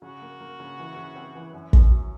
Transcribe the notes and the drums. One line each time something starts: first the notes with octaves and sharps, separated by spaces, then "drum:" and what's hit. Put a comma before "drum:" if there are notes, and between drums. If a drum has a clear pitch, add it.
C#3 F#4
A#3
A#3
C#3
E3
C#3
C4
E3
F#2
F#2, drum: kick
F#3